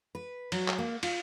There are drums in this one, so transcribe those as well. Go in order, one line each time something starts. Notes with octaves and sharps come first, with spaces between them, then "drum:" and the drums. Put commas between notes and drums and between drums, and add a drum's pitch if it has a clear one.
B4
F#3, drum: cymbal
drum: clap
A#3
F4, drum: cymbal